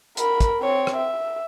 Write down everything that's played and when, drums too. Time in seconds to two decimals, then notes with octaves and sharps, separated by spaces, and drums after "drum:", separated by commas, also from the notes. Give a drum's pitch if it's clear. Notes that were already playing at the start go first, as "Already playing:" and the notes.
0.17 A#4 B5, drum: hi-hat
0.40 drum: kick, hi-hat
0.60 C4 C#5
0.87 drum: rim click
0.96 E5